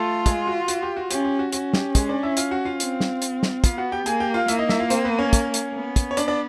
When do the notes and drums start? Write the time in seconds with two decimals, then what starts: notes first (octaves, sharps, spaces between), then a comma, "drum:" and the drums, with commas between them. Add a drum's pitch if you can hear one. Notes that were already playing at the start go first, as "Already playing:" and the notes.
Already playing: A3 F4 A4
0.26 G#3 G#4, drum: kick, hi-hat
0.47 F#4
0.68 F#4, drum: hi-hat
0.83 G4
0.97 F#4
1.11 C#4 G4, drum: hi-hat
1.25 G4
1.39 F#4
1.52 C#4 F#4, drum: hi-hat
1.73 G4, drum: snare
1.95 G#3 G#4, drum: kick, hi-hat
2.09 D4 D5
2.23 E4 E5
2.37 F4 F5, drum: hi-hat
2.51 F#4 F#5
2.65 F4 F5
2.80 C4, drum: hi-hat
3.01 drum: snare
3.22 drum: hi-hat
3.43 drum: snare
3.64 B3 F4 F5, drum: kick, hi-hat
3.78 F#4 F#5
3.92 G4 G5
4.06 A#3 G#4 G#5, drum: hi-hat
4.20 G4 G5
4.34 F4 F5
4.48 A#3 E4 E5, drum: hi-hat
4.59 D#4 D#5
4.69 E4 E5, drum: snare
4.80 F4 F5
4.90 C4 C5, drum: hi-hat
5.05 B3 B4
5.19 C#4 C#5
5.33 drum: kick, hi-hat
5.54 drum: hi-hat
5.75 B3
5.96 drum: kick, hi-hat
6.11 C#5
6.17 D4 D5, drum: hi-hat
6.28 D4 D5